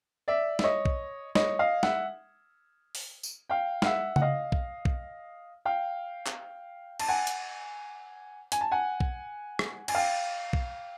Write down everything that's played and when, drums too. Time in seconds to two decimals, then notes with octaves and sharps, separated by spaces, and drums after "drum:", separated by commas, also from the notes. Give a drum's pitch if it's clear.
0.28 D5 E5
0.59 E5, drum: snare
0.64 C#5 D#5
0.85 drum: kick
1.35 C#5 D#5, drum: snare
1.59 D#5 F5
1.83 E5 F#5, drum: snare
2.95 drum: open hi-hat
3.23 drum: tambourine
3.49 F5 G5
3.82 F5, drum: snare
3.85 E5 F#5
4.16 F#5, drum: tom C#3
4.21 D#5 F5
4.52 drum: kick
4.85 drum: kick
5.65 F5 G5
6.27 drum: clap
7.00 A5, drum: cymbal
7.08 F#5 G#5
7.27 drum: hi-hat
8.52 G#5, drum: hi-hat
8.61 A5
8.71 F#5 G#5
9.00 drum: kick
9.59 drum: rim click
9.88 G#5, drum: cymbal
9.95 F5 G5
10.53 drum: kick